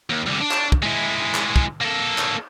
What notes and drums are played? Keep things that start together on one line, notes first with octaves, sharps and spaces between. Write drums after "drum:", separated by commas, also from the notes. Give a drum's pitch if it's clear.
D#2
C2 D3
D4
drum: clap
drum: kick
G#3 E4
drum: clap
drum: kick
A#3 A4
drum: clap